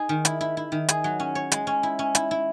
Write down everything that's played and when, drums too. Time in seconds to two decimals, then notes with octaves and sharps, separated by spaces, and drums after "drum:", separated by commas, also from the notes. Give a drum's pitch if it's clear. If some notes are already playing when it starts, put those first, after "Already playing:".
Already playing: D#4 G#4
0.09 D#3
0.25 E4, drum: hi-hat
0.41 E4
0.57 E4
0.72 D#3
0.89 G#4, drum: hi-hat
1.04 F#3
1.20 C#4
1.35 C#5
1.52 G#3, drum: hi-hat
1.67 C#4
1.83 E4
1.99 C#4
2.15 E4, drum: hi-hat
2.31 E4